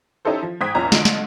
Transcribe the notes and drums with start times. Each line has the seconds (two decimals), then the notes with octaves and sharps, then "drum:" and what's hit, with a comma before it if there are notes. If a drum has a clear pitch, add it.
0.25 C#4 D#4 E4 G4 A4 C5
0.43 F3
0.61 G#2 C5 G5 D#6 G#6 B6
0.75 F1 C2 A#2 C#4 A#5
0.92 D3 F4 F#4 D#5 D7, drum: snare
1.05 drum: snare